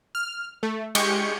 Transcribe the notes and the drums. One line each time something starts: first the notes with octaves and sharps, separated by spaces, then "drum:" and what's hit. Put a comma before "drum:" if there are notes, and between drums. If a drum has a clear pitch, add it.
F6
A3
G#3 G4 C#6 G6 C#7, drum: cymbal